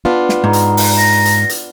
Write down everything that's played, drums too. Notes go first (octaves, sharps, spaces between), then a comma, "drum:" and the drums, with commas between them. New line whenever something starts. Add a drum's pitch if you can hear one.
B3 D4 F4
drum: snare
G#2 A#5
drum: hi-hat
drum: open hi-hat
A#6
drum: hi-hat
drum: hi-hat